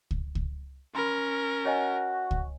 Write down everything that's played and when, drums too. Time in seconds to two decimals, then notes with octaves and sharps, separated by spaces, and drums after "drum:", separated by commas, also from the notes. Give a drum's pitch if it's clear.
0.11 drum: kick C#2
0.35 drum: kick C#2
0.95 C#4 A#4 B5 C6
1.65 F#4 C#5 D#5 G#5
2.31 drum: kick C#2